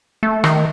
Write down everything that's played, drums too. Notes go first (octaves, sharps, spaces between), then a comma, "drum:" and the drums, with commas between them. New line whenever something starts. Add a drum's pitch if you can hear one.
A3
D#3, drum: rim click